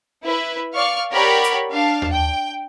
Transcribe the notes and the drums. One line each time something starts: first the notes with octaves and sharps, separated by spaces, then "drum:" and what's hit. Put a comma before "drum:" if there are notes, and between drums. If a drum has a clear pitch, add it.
E4 B4
D5 F5 C#6 F6 C#7
G4 A#4 C#5 D5 F#5 B5
drum: hi-hat
D4 F5 A5
drum: tom D#2
G5